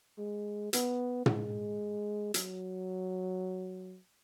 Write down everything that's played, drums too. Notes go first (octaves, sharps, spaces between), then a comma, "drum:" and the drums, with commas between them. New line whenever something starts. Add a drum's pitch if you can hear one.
G#3
B3, drum: hi-hat
G#3, drum: tom
F#3, drum: hi-hat